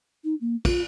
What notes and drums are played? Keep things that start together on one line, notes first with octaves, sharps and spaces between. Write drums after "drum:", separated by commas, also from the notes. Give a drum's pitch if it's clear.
D#4
A#3
F4, drum: kick, cymbal